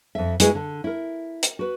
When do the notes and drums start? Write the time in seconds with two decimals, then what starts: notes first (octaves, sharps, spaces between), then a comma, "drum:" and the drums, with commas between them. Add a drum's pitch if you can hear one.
0.15 F2 E5
0.40 G#3 E4 F#4 G#4 B4 D#5, drum: hi-hat
0.55 D3
0.84 E4 A#4
1.43 drum: hi-hat
1.59 F#4 B4